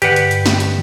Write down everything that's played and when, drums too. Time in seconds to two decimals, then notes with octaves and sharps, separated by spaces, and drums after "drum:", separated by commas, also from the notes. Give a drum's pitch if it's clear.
0.02 G2 D3 G4 B4 F#5, drum: hi-hat
0.16 drum: hi-hat
0.31 drum: hi-hat
0.46 drum: snare
0.60 drum: hi-hat